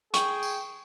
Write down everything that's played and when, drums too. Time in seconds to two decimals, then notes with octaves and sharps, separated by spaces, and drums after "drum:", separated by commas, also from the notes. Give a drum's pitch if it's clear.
0.14 G#4 G5 C#6, drum: hi-hat
0.43 drum: tambourine